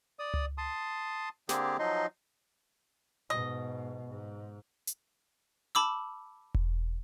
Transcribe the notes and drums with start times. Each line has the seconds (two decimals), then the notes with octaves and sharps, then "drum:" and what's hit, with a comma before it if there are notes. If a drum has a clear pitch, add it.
0.19 D5 D#6
0.34 drum: tom C#2
0.58 A5 C6 D#6
1.49 D3 A#3 C4 G4 G#4, drum: snare
1.79 F3 F#3 D#4 D#5 C6
3.30 G#2 B2 D#5
4.07 G#2
4.87 drum: hi-hat
5.75 A5 B5 D6 E6
6.54 drum: kick E1